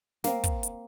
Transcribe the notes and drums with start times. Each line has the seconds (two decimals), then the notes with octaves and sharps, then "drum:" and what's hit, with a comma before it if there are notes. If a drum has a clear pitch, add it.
0.24 A#3 C4, drum: snare
0.44 drum: kick, hi-hat
0.63 drum: hi-hat